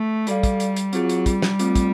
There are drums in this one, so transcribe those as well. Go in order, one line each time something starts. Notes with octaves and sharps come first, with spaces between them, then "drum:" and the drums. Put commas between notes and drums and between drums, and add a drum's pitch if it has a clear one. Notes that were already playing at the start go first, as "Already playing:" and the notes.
Already playing: A3
G3 F#4 A4 D5 F5, drum: hi-hat
drum: kick, hi-hat
drum: hi-hat
drum: hi-hat
F#3 C4 F4 G#4, drum: hi-hat
drum: hi-hat
G3, drum: kick, hi-hat
drum: snare
A3 C4 F4, drum: hi-hat
drum: kick, hi-hat